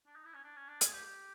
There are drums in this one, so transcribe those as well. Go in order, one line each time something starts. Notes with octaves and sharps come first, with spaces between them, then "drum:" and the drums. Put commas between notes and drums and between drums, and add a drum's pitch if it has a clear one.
D4
D#4
E4
C#4
D4
C#4
D4
E4, drum: hi-hat
G#4
G4
G4